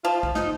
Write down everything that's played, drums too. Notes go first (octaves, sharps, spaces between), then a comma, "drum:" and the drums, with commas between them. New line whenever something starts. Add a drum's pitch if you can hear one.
F3 F4
drum: kick A#1
D#4, drum: snare